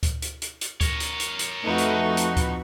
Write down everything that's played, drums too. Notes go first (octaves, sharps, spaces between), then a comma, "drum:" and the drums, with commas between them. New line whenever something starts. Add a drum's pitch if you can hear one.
drum: kick D2, hi-hat
drum: hi-hat
drum: hi-hat
drum: hi-hat
A#4 C#5, drum: kick D2, hi-hat
drum: hi-hat
drum: hi-hat
drum: hi-hat
F2 A3 D#4 F#4 B4 C#6
drum: hi-hat
drum: hi-hat
drum: kick D2, hi-hat